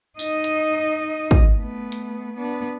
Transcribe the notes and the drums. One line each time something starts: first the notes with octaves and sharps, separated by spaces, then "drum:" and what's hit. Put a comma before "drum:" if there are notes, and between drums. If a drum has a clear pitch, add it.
D#4 D#5, drum: tambourine
drum: hi-hat
drum: kick
A3 B3
drum: hi-hat
B3 D4